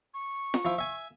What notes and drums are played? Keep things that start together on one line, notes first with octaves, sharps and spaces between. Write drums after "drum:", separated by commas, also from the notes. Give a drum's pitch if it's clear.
C#6
drum: snare
F3 E4
E5 G#5